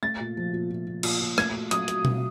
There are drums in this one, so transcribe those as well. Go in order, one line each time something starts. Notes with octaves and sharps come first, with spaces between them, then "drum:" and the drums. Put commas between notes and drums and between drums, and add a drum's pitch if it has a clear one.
A3 A6
A#2
F3
A#2
A#2
A#2
A#2, drum: cymbal
A#2
A3 G#6, drum: rim click
F#4
F#3 D#6, drum: hi-hat
F#4, drum: hi-hat
F#4, drum: tom B2